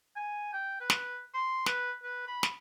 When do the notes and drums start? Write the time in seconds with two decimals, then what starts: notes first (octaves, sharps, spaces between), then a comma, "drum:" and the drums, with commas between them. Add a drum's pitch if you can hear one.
0.16 G#5
0.53 G5
0.80 B4
0.90 drum: snare
1.34 C6
1.66 B4, drum: snare
2.03 B4
2.27 B5
2.43 drum: snare